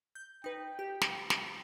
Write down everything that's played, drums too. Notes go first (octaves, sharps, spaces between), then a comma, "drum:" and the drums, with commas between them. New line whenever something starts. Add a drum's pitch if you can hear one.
G6
D#4 B4 G5
G4
drum: snare
drum: snare